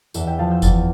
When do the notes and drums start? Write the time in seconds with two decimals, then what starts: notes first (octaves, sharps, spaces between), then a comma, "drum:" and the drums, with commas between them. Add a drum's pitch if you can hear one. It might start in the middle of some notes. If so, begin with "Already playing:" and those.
0.14 E2 E5, drum: tambourine
0.27 E5 G5
0.39 F3 F5 A5
0.51 E6 G6
0.62 E2 F6 A6, drum: kick F#1, tambourine